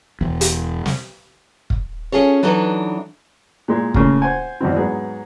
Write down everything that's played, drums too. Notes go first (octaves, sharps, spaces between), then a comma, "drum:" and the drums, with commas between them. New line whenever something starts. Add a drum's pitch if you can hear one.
E1 E2
drum: hi-hat
drum: snare
drum: kick
C#4 D4 F4 G#4 A4 C#5
E3 F#3 D4 D#4 A4 B4
A#2 G#3 C6
A2 C#3 A#3, drum: kick
C5 F#5 G#5
E2 G2 B2 C4
G#2 F#3 B3 G#4